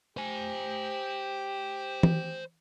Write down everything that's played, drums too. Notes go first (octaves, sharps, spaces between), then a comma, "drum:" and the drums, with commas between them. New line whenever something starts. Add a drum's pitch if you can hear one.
G4 C5 G#5
drum: tom E3